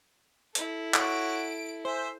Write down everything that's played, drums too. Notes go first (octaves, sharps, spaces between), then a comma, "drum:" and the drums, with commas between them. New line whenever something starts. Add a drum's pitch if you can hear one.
E4 A4, drum: hi-hat
F#4 C#5 D7, drum: clap
C5 E5 G#5